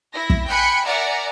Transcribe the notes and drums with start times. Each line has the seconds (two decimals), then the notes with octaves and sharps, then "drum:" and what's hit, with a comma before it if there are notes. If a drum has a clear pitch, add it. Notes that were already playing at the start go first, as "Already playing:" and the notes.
0.14 E4 A#6
0.30 drum: kick
0.47 G5 G#5 B5 F#6 C#7
0.85 A#4 D5 E5 F#5 G#5 A#5